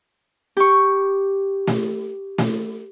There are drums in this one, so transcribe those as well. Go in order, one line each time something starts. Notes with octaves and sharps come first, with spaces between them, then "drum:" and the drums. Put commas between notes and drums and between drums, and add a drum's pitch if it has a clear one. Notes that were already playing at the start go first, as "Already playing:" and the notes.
G4 C#6
drum: snare A3
drum: snare A3